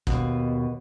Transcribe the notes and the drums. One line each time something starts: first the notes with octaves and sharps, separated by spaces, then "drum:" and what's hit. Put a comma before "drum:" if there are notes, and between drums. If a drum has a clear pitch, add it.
D#2 B2, drum: kick